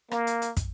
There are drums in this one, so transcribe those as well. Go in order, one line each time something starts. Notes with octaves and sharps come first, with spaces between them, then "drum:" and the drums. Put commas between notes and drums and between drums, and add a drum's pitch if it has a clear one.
A#3, drum: rim click
drum: hi-hat
drum: hi-hat
drum: kick, hi-hat